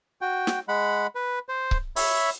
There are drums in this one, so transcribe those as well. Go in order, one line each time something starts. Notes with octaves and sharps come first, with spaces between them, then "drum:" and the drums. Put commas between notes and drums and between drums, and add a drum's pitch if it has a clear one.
F#4 G5
drum: snare
G#3 F#5 B5
B4
C5
drum: kick C#1
C#5 E5 B5, drum: open hi-hat